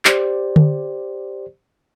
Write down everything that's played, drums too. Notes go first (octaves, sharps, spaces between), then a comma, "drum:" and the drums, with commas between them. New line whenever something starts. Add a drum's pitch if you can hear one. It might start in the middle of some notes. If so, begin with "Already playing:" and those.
G4 C5 D5, drum: clap
drum: tom D3